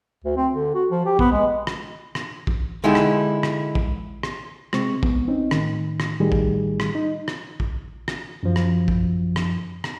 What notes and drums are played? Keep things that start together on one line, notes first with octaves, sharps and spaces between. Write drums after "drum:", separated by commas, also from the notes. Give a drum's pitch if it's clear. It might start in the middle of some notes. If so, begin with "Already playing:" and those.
D2
C4
D3
F#4
F3
G4
B3, drum: kick
G#3
drum: rim click
drum: rim click
drum: kick
D3 G#3 D#4 E4 G4 A4
drum: rim click
drum: rim click
drum: kick
drum: rim click
C3 G#3 C4 C#6, drum: rim click
B3, drum: kick
C4 C#4 D#4
A2 D#3, drum: rim click
drum: rim click
A2 D#3 G3 G#4
drum: kick
drum: rim click
D#4
drum: rim click
drum: kick
drum: rim click
F#2 F3
drum: rim click
drum: kick
drum: rim click
drum: rim click